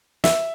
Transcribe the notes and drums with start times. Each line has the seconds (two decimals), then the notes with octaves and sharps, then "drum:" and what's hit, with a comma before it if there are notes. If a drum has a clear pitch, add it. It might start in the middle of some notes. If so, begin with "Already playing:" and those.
0.24 E5, drum: snare